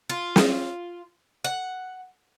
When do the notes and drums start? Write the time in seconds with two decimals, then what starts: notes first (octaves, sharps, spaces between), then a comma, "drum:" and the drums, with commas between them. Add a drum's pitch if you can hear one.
0.09 F4
0.36 drum: snare
1.44 F#5